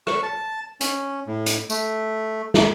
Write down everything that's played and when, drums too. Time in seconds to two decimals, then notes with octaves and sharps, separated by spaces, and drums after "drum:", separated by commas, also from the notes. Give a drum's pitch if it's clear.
0.07 C#6, drum: rim click
0.23 A5
0.81 C#4, drum: hi-hat
1.27 A2
1.46 drum: hi-hat
1.70 A3, drum: tambourine
2.54 drum: snare